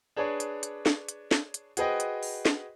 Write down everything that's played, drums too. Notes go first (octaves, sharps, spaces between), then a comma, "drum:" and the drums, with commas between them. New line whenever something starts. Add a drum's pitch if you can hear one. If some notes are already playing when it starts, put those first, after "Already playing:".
D4 G#4 B4 C#5 D5
drum: hi-hat
drum: hi-hat
drum: snare
drum: hi-hat
drum: snare
drum: hi-hat
F#4 G#4 B4 C5 D#5 G5, drum: hi-hat
drum: hi-hat
drum: open hi-hat
drum: snare